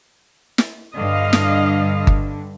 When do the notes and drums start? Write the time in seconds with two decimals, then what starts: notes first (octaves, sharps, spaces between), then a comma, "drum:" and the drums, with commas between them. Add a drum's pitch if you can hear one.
0.58 drum: snare
0.95 G2 D3 D#5 F5
1.33 drum: snare
2.07 drum: kick G1